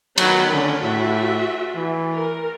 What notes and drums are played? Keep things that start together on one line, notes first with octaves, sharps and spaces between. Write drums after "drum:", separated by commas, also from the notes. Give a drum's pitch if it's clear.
D#3 F#3 B3 B5, drum: cymbal
D3 C#4
A2 F#4 E5
E3
A#4